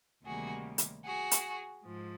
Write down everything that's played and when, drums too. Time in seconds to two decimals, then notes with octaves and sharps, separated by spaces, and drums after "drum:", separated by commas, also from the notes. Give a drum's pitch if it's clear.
0.25 D2 C3 D#3 G3 A#3 F#4 G#4
0.78 drum: hi-hat
1.05 F#4 G#4
1.31 drum: hi-hat
1.84 G#2 F3